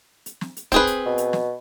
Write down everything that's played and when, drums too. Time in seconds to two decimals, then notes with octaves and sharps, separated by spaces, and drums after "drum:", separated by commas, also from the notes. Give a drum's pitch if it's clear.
0.26 drum: hi-hat
0.41 drum: snare
0.57 drum: hi-hat
0.72 C4 G#4 B4, drum: kick, hi-hat
0.87 drum: hi-hat
1.06 B2
1.18 drum: hi-hat
1.33 drum: snare